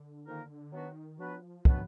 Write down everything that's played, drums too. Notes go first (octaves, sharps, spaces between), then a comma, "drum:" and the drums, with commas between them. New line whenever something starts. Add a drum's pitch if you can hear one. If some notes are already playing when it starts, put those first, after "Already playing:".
Already playing: D3
F2 D#3 A#3 D#4 A#4
D#3 F#3 B3 D4 F#4 B4
F3 F#3 B3 D4 F#4 B4
D#3 F#3 B3 D4 F#4 B4, drum: kick